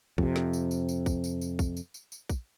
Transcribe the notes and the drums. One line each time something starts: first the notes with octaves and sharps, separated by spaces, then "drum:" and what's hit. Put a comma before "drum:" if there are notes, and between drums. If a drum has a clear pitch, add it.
F2 C3, drum: kick
drum: snare
drum: tambourine
drum: tambourine
drum: tambourine
drum: kick, tambourine
drum: tambourine
drum: tambourine
drum: kick, tambourine
drum: tambourine
drum: tambourine
drum: tambourine
drum: kick, tambourine